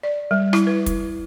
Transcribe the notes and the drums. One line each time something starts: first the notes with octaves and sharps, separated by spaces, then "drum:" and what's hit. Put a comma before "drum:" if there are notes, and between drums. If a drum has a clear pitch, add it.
D5
G3
E4, drum: rim click
B4
drum: kick, hi-hat